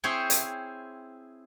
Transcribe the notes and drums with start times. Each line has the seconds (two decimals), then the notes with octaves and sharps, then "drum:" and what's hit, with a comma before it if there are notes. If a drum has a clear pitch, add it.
0.04 C4 E4 G#4 C5 C#5 G5
0.30 drum: hi-hat